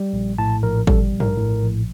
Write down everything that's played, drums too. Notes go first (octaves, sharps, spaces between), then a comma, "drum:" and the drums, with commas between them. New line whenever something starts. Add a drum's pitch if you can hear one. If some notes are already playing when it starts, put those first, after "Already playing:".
Already playing: G3
A#1
A2 A5
A#1 A#4
G3 A4, drum: kick G#1
A#1
A#4, drum: tom G2
A2
A#1